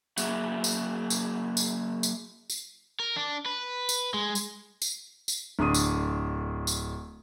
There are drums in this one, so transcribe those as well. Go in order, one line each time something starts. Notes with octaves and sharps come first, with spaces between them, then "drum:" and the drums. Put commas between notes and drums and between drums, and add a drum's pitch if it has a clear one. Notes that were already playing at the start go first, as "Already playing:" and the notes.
F#3 A#3 E4 F#4 G#4, drum: tambourine
drum: tambourine
drum: tambourine
drum: tambourine
drum: tambourine
drum: tambourine
A#4
D4
B4
drum: tambourine
G#3
drum: tambourine
drum: tambourine
drum: tambourine
D1 D3 D4 D#6 D#7
drum: tambourine
drum: tambourine